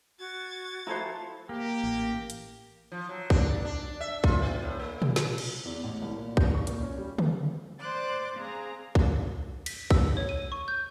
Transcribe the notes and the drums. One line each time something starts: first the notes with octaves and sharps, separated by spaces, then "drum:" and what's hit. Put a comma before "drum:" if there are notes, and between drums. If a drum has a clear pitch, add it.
F#4 G#6 A6
F3 E4 A4 C5 G#5 A#5
A#3 G4
A1
drum: hi-hat
F3
F#3
D4, drum: kick
D4
E5
F4, drum: kick
B3
A2
A#3
drum: tom
drum: snare
drum: cymbal
E2
A1
C2
A#2
G6, drum: kick
C#6
A#2, drum: hi-hat
C#4
G3
drum: tom
C5 D5 C6 D6 F#6 A6
C4 G#4 F5 A#5
drum: kick
B6, drum: cymbal
E6, drum: kick
C#5
D#7
C#6
G6